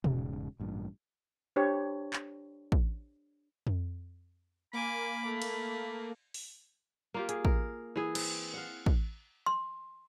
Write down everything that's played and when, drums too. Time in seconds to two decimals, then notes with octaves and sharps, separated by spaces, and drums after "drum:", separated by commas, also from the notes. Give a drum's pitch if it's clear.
0.04 E1 G#2 C#3, drum: tom B2
0.60 A1 G2 A#2
1.56 D4 G4 C5 C#5
2.13 drum: clap
2.72 drum: kick
3.67 drum: tom F2
4.73 A#3 G#5 B5 D6
5.26 A3
5.42 drum: cymbal
6.34 drum: open hi-hat
7.14 A#3 F4 G4
7.29 G#4, drum: hi-hat
7.45 A#4, drum: kick
7.96 E3 G#4
8.15 C4, drum: cymbal
8.54 F5 F#5
8.86 drum: kick
9.46 C6